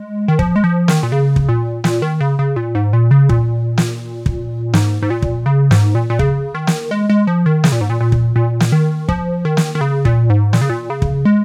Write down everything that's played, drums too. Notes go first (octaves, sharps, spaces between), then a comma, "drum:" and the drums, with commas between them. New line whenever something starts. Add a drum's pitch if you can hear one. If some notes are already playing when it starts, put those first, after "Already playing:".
Already playing: G#3
D#3
F3, drum: kick
G#3
F3
D#3, drum: snare
A#2
C#3
drum: kick
A#2
A#2, drum: snare
D#3
C#3
C#3
A#2
G#2
A#2
C#3
A#2, drum: kick
drum: snare
drum: kick
G#2, drum: snare
G#2
A#2
drum: kick
C#3
G#2, drum: snare
A#2
A#2
C#3, drum: kick
D#3
drum: snare
G#3
G#3
F3
D#3
C#3, drum: snare
A#2
G#2
A#2
A#2
drum: kick
A#2
drum: snare
D#3
F3, drum: kick
D#3
drum: snare
D#3
C#3
A#2, drum: kick
G#2
A#2, drum: snare
C#3
A#2
C#3
drum: kick
G#3